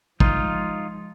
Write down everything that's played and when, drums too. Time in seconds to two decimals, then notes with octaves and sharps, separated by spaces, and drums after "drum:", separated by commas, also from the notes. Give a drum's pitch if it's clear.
0.20 F3 G#3 D#4 F4, drum: kick